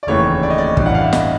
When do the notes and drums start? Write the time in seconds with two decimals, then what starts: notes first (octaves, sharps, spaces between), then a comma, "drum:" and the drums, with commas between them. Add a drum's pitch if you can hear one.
0.03 D5
0.07 F1 D#2 C#3 E3 A3 C#5
0.43 D5
0.50 D#5
0.58 D5
0.77 A1 G2 E3, drum: kick
0.86 F#5
0.95 F5
1.03 E5
1.13 D#5, drum: snare